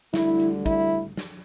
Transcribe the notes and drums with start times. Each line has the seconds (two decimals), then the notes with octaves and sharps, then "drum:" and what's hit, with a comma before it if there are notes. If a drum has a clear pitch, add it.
0.14 D2 D3 G3 E4, drum: snare
0.40 drum: hi-hat
0.66 E4, drum: kick, hi-hat
1.17 drum: snare